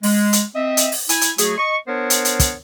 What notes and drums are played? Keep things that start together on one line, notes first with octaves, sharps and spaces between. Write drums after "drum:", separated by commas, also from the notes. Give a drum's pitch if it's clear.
G#3, drum: open hi-hat
drum: hi-hat
C4 D#5 E5
drum: hi-hat
drum: open hi-hat
E4 G#5, drum: hi-hat
drum: hi-hat
F#3 A3 F#4 G#4, drum: hi-hat
D#5 C#6
B3 D4 A#4 C5 C#5
drum: hi-hat
drum: hi-hat
drum: kick, hi-hat